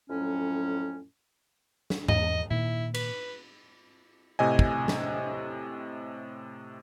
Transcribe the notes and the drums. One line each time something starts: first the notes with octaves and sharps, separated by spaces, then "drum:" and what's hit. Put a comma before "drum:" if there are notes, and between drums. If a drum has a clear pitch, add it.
F2 A2 F#3 C#4
drum: snare
E2 D#5, drum: tom G#2
A#2 D#3 E4
B4, drum: cymbal
A2 C3 D#5 G#5
drum: kick
drum: snare